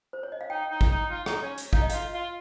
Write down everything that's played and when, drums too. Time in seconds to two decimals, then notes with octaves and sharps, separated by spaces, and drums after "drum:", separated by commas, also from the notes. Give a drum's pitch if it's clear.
0.13 C5
0.23 C#5
0.32 D#5
0.41 F5
0.50 D#4 G5
0.71 D#4
0.81 drum: kick
0.91 D#4
1.11 F4
1.26 D#4, drum: rim click
1.42 C#4
1.58 drum: hi-hat
1.73 D#4 F5, drum: kick
1.82 D#5
1.90 F4 F5, drum: hi-hat
2.14 F4